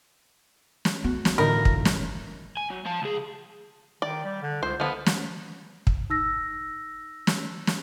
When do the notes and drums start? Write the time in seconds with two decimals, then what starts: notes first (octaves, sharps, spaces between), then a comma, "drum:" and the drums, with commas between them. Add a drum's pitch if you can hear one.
0.85 drum: snare
1.04 A3 B3 F#4
1.25 drum: snare
1.38 A2 D3 E3 D#4 F4 A#4 B5
1.65 drum: kick
1.85 drum: snare
2.57 G#5
2.70 F#3
2.86 F3 A5
3.02 C#2 G#4
4.02 D#3 D5
4.24 G3
4.42 D3
4.63 C#2 C5
4.80 D3 F3 B3
5.06 drum: snare
5.87 drum: kick
6.10 D#4 E6 A#6
7.27 drum: snare
7.67 drum: snare